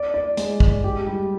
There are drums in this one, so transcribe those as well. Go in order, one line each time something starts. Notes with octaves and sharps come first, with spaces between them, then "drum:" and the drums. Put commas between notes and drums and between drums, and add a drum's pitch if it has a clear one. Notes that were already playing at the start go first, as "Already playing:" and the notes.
Already playing: D5
D5
G#3, drum: hi-hat
D5, drum: kick
G4
G3